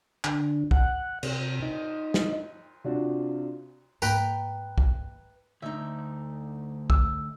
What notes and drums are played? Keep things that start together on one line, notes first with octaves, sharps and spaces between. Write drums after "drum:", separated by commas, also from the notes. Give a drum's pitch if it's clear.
D3, drum: clap
F#5, drum: kick
C3, drum: cymbal
D#4
drum: snare
C3 C4 D4 F4 F#4
G#2 A#3 B4 G5 A#5, drum: tambourine
drum: kick
D2 D#4 E5
E6, drum: kick